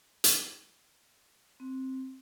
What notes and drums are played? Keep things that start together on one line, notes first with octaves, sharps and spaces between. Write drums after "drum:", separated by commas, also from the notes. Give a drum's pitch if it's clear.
drum: hi-hat
C4